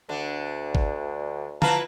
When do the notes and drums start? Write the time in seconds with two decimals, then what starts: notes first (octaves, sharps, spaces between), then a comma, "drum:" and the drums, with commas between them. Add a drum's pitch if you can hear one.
0.09 D2 D3 D4
0.75 drum: kick
1.62 F3 E4 B4 F5 A5 A#5, drum: tom D3